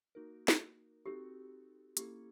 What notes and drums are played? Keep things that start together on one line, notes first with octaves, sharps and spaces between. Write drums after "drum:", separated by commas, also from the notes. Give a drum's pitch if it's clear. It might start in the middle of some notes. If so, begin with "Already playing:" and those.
A#3 D#4 F#4 A#4
drum: snare
C4 D#4 F#4 G4 A4
A#3 C#4 E4 G4 A4, drum: hi-hat